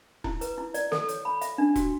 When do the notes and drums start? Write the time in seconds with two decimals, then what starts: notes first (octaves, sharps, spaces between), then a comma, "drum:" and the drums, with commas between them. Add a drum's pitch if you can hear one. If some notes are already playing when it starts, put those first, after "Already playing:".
0.24 E4, drum: kick E1
0.41 B4, drum: hi-hat
0.58 E4
0.74 D5, drum: hi-hat
0.92 A4, drum: snare
1.09 C#5, drum: hi-hat
1.25 B5
1.41 E5, drum: hi-hat
1.58 D4
1.75 F#4, drum: kick E1, hi-hat